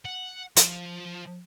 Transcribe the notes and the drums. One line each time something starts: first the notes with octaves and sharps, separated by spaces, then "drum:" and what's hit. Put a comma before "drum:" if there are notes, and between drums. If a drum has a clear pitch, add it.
F#5
F3, drum: hi-hat